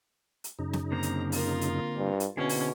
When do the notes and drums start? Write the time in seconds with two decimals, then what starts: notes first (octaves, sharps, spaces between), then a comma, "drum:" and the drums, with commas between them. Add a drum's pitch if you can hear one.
0.44 drum: hi-hat
0.59 F#2 C#3 D#4
0.73 drum: snare
0.92 D3 A#3 C4 A#5
1.03 drum: hi-hat
1.32 F4 A#4, drum: open hi-hat
1.61 drum: hi-hat
1.97 G2
2.20 drum: hi-hat
2.37 B2 D3 C4 C#4 E4 G#4
2.49 drum: open hi-hat